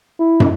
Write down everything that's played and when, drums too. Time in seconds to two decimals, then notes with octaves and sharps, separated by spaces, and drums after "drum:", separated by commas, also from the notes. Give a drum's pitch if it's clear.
0.19 E4
0.40 drum: tom